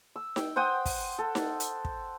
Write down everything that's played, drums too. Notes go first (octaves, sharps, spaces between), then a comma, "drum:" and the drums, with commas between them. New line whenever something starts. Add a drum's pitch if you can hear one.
E6
G5, drum: snare D#4
C5 F#5 G5 D#6
drum: kick, open hi-hat
A4
drum: snare D#4
drum: hi-hat
drum: kick